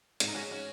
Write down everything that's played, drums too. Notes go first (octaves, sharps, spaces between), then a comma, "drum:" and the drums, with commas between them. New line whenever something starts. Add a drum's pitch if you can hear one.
G#2 F#4, drum: hi-hat
D#4
G#3 C#4 F#4
C#4 F#4